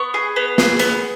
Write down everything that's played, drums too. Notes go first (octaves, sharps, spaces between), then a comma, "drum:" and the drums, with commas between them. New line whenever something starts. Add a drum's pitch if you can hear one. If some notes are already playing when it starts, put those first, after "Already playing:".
Already playing: B3 C#6
G#4
B3
G#4, drum: snare
B3, drum: hi-hat